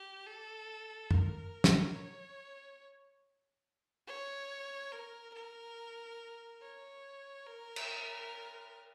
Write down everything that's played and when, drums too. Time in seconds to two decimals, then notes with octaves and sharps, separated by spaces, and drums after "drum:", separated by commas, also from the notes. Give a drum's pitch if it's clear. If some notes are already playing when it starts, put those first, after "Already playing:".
Already playing: G4
0.26 A4
1.11 A#4, drum: tom F#2
1.64 drum: snare
1.95 C#5
4.07 C#5
4.92 A#4
5.34 A#4
6.62 C#5
7.47 A#4
7.76 drum: cymbal